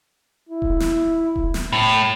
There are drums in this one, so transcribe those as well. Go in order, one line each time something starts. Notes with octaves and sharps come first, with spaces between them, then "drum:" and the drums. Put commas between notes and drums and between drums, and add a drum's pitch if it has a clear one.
E4
drum: kick D#1
drum: snare
drum: kick D#1
drum: snare
A2